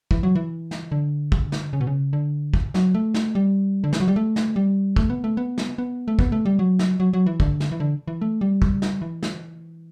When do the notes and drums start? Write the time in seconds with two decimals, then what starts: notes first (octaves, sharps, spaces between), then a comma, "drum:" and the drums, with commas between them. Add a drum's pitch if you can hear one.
0.11 E3, drum: kick
0.23 F#3
0.35 E3
0.71 drum: snare
0.92 D3
1.32 drum: kick
1.52 drum: snare
1.73 C#3
1.81 B2
1.87 C#3
2.13 D3
2.54 drum: kick
2.74 F#3, drum: snare
2.94 A3
3.14 drum: snare
3.35 G3
3.84 D3
3.93 E3, drum: snare
4.00 F#3
4.08 G3
4.16 A3
4.36 drum: snare
4.56 G3
4.96 A3, drum: kick
5.10 B3
5.24 A3
5.37 B3
5.58 drum: snare
5.78 B3
6.08 A3
6.19 B3, drum: kick
6.32 A3
6.46 G3
6.59 F#3
6.79 drum: snare
7.00 F#3
7.13 F#3
7.26 E3
7.40 D3, drum: kick
7.60 drum: snare
7.72 E3
7.80 D3
8.08 E3
8.21 A3
8.41 G3
8.62 drum: kick
8.82 drum: snare
9.02 E3
9.23 drum: snare